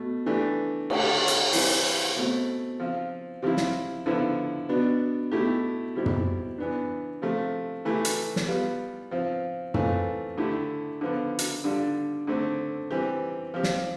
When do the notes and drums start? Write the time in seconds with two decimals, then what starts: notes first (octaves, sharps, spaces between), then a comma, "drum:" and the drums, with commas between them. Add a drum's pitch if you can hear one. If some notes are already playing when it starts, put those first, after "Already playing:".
Already playing: B2 A3
0.26 E3 A3 D4 G4
0.90 D3 A3 D4 G4, drum: cymbal
1.28 drum: hi-hat
1.53 E3 G3 C4 E4 G4, drum: open hi-hat
2.16 B2 A3 C4
2.80 F3 C4 F4
3.42 C3 F3 C4 E4
3.57 drum: snare
4.06 D3 F3 B3 E4
4.69 B2 B3 D4
5.31 B2 A3 E4 G4
5.95 B2 G3 C4 E4 G4
6.06 drum: tom
6.58 E3 B3 D4
7.22 C3 F3 A3
7.85 E3 A3 E4 G4
8.05 drum: hi-hat
8.36 drum: snare
8.48 G3 B3 F4
9.11 F3 C4 F4
9.74 E3 A3 C4 F4, drum: tom
10.37 D3 A3 E4 G4
11.01 D3 F3 B3
11.39 drum: hi-hat
11.64 D3 G3 D4 F4
12.27 D3 A3 C4
12.91 E3 G3 C4 G4
13.54 F3 C4 G4
13.63 drum: snare